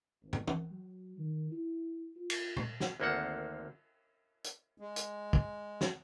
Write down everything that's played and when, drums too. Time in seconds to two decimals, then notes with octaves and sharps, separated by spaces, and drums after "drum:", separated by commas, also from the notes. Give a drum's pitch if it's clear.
0.22 G#1
0.33 drum: tom
0.47 drum: tom
0.71 F#3
1.18 D#3
1.51 E4
2.16 F4
2.30 drum: cymbal
2.57 drum: tom A#2
2.80 drum: snare
3.00 G#1 D2 A#3 C4 A4 F#5
4.44 drum: hi-hat
4.78 G#3
4.96 drum: hi-hat
5.33 drum: kick
5.81 drum: snare